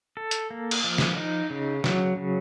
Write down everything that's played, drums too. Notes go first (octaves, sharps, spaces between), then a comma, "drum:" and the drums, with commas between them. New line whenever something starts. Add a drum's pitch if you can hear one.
A4
drum: hi-hat
A#3
drum: cymbal
F3
drum: snare
D#4
C#3
F#3, drum: snare
C#3